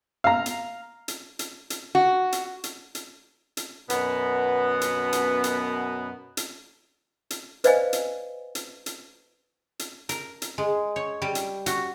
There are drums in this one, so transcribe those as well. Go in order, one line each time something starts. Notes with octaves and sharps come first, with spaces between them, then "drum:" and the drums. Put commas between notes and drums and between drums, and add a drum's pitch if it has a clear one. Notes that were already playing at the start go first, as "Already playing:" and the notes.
F5 A#5
drum: hi-hat
drum: hi-hat
drum: hi-hat
drum: hi-hat
F#4
drum: hi-hat
drum: hi-hat
drum: hi-hat
drum: hi-hat
F#2 B2 B3, drum: hi-hat
drum: hi-hat
drum: hi-hat
drum: hi-hat
drum: hi-hat
drum: hi-hat
B4 C5 D5 D#5 F5 G#5, drum: hi-hat
drum: hi-hat
drum: hi-hat
drum: hi-hat
drum: hi-hat
A#4, drum: hi-hat
drum: hi-hat
G#3
C#5
G3
drum: hi-hat
F#4, drum: hi-hat